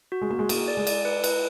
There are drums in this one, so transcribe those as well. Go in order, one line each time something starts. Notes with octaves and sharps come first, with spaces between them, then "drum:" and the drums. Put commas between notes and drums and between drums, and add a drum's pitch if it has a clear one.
F#4
G#3
A#3 F#4
G#3
A#3 G#4, drum: cymbal
D5
G#3
D5, drum: cymbal
B4
B4, drum: cymbal